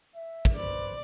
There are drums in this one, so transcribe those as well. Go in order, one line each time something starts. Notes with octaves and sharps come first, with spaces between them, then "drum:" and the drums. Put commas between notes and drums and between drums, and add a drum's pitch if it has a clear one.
E5
drum: kick
B4 C5 D5